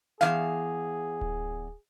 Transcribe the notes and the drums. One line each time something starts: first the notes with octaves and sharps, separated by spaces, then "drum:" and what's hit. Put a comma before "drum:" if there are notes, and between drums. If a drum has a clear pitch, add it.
E2 E3 G#4 F5, drum: snare
drum: kick D1